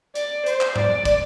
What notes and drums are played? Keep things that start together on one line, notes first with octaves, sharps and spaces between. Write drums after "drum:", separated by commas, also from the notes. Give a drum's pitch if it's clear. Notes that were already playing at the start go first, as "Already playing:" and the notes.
D5, drum: hi-hat
C5, drum: hi-hat
drum: clap
D5, drum: tom G#2
drum: kick, hi-hat